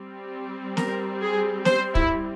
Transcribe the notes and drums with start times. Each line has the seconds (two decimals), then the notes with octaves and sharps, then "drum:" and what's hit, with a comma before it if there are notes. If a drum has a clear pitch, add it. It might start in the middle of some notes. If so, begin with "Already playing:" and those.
Already playing: G3 C4
0.77 A#4, drum: snare
1.21 G#4
1.65 C5, drum: snare
1.95 E4, drum: kick